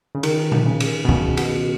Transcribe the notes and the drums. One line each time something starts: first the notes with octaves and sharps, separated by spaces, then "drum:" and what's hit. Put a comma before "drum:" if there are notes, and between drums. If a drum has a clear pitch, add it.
C#3
D#3, drum: cymbal
drum: tom A#2
C#3
drum: cymbal
B2
C#3, drum: kick
B2, drum: cymbal